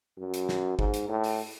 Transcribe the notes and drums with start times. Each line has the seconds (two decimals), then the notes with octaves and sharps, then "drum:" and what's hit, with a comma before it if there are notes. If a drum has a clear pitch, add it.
0.18 F#2
0.34 drum: hi-hat
0.49 drum: snare
0.79 G#2, drum: kick
0.94 drum: hi-hat
1.09 A2
1.24 drum: open hi-hat